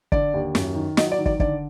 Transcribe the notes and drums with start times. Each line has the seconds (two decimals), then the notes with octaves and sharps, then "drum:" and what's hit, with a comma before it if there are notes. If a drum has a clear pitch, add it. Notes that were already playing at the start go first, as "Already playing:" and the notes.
0.12 D3 D5, drum: kick
0.34 D#2
0.55 F#2, drum: snare
0.75 D#3
0.97 F#3 D#5, drum: snare
1.12 D5
1.18 D#3
1.26 D5, drum: kick
1.40 D3 D5, drum: kick